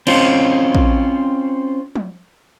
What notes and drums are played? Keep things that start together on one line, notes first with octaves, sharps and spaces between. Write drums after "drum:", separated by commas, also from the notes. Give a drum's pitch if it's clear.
C4 C#4 F4, drum: cymbal
drum: kick
drum: tom